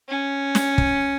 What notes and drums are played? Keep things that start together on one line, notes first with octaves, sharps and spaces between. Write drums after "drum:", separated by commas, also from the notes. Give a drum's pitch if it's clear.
C#4
drum: snare
drum: kick